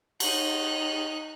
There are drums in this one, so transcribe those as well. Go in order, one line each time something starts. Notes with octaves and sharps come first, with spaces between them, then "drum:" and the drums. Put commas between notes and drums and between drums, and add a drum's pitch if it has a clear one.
D#4 F#6, drum: cymbal